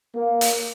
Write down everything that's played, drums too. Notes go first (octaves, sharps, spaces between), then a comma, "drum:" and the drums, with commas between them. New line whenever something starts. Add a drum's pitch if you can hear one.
A#3
drum: hi-hat